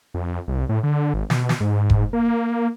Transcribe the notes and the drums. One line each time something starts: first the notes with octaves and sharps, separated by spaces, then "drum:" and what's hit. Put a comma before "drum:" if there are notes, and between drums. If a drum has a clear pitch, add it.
F2
C2
A2
D3
G#1
B2, drum: snare
drum: snare
G#2
drum: kick F1
A#3